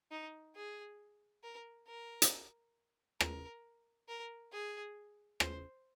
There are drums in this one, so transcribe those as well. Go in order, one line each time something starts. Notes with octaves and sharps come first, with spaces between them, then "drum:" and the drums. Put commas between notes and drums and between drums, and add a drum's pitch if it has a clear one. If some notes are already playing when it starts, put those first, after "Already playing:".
D#4
G#4
A#4
A#4
drum: hi-hat
A#4, drum: rim click
A#4
G#4
C5, drum: rim click